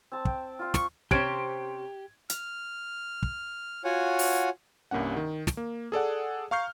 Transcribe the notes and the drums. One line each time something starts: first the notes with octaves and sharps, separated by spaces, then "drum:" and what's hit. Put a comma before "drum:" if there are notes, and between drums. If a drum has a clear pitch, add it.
C4 A5
G5, drum: kick
F4 F5
C#6, drum: snare
C3 C#4 G4 C5 G#6 D7, drum: kick
F6, drum: hi-hat
drum: kick
F4 F#4 C#5 F#5 G#5
drum: open hi-hat
C2 G2 A#3 C#4 F#5
D#3
drum: snare
A#3
G#4 A4 D5 F#5
F5 A#5 C#6 F6 G6 C7